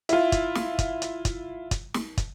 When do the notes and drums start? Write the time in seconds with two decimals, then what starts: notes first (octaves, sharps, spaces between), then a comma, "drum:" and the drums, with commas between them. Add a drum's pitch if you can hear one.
0.09 E4 F4, drum: hi-hat
0.32 drum: kick, hi-hat
0.55 drum: snare
0.79 drum: kick, hi-hat
1.02 drum: hi-hat
1.25 drum: kick, hi-hat
1.71 drum: kick, hi-hat
1.94 drum: snare
2.17 drum: kick, hi-hat